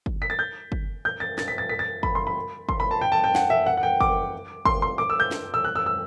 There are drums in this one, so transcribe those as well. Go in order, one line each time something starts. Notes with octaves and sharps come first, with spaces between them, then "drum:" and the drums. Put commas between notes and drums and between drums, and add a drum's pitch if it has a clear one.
drum: kick G1
B6
A6
G6
drum: kick G1
G6
A6
A6, drum: snare
B6
A6
B6
A6
B5, drum: kick G1
C6
B5
C6, drum: kick G1
B5
A5
G5
A5
G5
F#5, drum: snare
E5
F#5
F#5
G5
D6, drum: kick G1
C6, drum: kick G1
C6
D6
E6
G6
drum: snare
E6
F#6
E6
E6